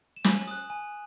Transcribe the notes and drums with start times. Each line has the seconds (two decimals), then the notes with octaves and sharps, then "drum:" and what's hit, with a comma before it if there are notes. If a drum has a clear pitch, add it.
0.16 E7
0.24 G#5 F#7, drum: snare
0.48 D#6 F#6
0.70 G#5